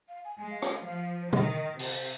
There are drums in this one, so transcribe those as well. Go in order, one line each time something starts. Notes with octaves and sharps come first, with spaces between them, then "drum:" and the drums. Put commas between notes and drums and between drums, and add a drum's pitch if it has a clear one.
F5
G#5
G#3 G#5
F5
G#5, drum: rim click
F5
F3 F5
F5
C5
D#3 D#5, drum: tom
C3 C5, drum: open hi-hat
C5